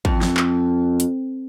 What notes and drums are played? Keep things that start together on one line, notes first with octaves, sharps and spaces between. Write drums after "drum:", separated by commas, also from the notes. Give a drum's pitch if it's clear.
F2, drum: kick
drum: snare
drum: clap
drum: hi-hat